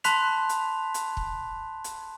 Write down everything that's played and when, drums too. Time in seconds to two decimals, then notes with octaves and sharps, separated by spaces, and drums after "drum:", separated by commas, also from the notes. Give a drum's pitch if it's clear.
0.04 A5 B5 C6 F#6 B6 F7, drum: hi-hat
0.49 drum: hi-hat
0.94 drum: hi-hat
1.17 drum: kick
1.84 drum: hi-hat